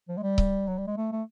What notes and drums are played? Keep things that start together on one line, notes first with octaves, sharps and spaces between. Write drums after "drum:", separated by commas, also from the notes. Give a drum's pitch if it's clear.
F3
G#3
G3
drum: kick C#1
F#3
G3
G#3
A3
A3